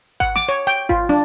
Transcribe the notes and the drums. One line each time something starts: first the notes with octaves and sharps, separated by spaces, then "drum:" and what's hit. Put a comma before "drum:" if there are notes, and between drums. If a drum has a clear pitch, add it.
F#5, drum: kick G#1
D6, drum: snare
C#5
G5
F4, drum: kick G#1
D4, drum: snare